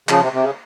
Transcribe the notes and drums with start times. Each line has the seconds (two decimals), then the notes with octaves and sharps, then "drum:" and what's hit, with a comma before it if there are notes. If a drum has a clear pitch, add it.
0.09 C#3 F3, drum: clap
0.21 C3
0.33 C3
0.43 C#3